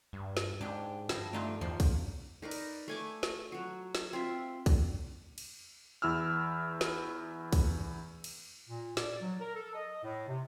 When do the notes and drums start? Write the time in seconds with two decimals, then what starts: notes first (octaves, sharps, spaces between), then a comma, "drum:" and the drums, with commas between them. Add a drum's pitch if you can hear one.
0.13 G2
0.37 drum: snare
0.61 G#2 D4 G4
1.09 G2 F3, drum: snare
1.33 A3 D4 D#4 F4
1.61 E2 F3
1.80 drum: kick, cymbal
2.42 D#4 A#4 B4 D5
2.51 drum: cymbal
2.88 A3 G#5 D6
3.23 drum: snare
3.52 F#3 F#4
3.95 drum: snare
4.13 C4 F4 E5
4.66 drum: kick, cymbal
5.38 drum: cymbal
6.02 E2 E4 E6 F6
6.81 drum: snare
7.53 drum: kick, cymbal
8.24 drum: cymbal
8.69 A#2
8.97 D5, drum: snare
9.22 F#3
9.40 A#4
9.55 A4
9.75 D#5
10.03 A2
10.28 C3